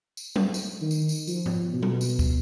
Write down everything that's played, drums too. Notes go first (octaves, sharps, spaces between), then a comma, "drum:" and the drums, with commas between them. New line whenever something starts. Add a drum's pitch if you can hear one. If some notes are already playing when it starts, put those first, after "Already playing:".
drum: tambourine
drum: tom F#3
drum: tambourine
D#3
drum: tambourine
drum: tambourine
F3, drum: tambourine
drum: tom G#2
B2
drum: tom F#3
drum: tambourine
drum: kick, tambourine